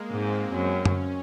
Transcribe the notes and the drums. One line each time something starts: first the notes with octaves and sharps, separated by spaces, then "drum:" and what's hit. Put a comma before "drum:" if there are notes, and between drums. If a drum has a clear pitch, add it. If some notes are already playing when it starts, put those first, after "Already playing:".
Already playing: G#3 A#3
G#2 C4
F#2 C#4
drum: tom F#2